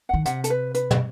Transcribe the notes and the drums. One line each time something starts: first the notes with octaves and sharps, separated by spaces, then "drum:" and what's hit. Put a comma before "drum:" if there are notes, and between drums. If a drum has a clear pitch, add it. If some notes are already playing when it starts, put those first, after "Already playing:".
D#3 F#5
C3 F#5, drum: hi-hat
A4, drum: hi-hat
B4
B4, drum: hi-hat
drum: tom